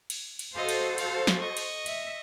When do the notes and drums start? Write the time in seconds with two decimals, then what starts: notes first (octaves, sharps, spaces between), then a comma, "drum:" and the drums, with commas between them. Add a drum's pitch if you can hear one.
0.10 drum: cymbal
0.39 drum: cymbal
0.54 F#4 A4 C5 D#5 F5
0.69 drum: cymbal
0.98 F5, drum: cymbal
1.27 drum: snare
1.39 D#5 C#6
1.57 drum: cymbal
1.86 E5, drum: cymbal